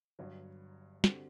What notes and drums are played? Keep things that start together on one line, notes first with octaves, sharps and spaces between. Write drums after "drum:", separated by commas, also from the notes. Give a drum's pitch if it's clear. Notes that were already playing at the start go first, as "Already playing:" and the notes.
G1 G2 F#3
D3 G3 C4 F#4, drum: snare